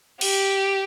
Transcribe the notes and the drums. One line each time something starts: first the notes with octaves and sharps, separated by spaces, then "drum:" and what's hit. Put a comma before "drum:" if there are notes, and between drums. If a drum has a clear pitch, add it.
G4, drum: cymbal